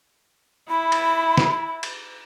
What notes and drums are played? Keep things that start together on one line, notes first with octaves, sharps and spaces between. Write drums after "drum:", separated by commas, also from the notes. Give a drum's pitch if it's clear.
E4 B5
drum: cymbal
drum: snare
drum: cymbal